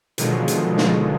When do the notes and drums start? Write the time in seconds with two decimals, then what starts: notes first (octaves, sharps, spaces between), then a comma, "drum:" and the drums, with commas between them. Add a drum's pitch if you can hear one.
0.18 B2 D3 D#3 F3 F#3 G#3, drum: hi-hat
0.48 drum: hi-hat
0.78 drum: snare